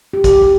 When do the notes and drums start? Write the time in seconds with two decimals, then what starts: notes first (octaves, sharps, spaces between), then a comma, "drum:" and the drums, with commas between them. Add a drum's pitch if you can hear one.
0.13 G4
0.24 G4, drum: kick, hi-hat
0.42 G4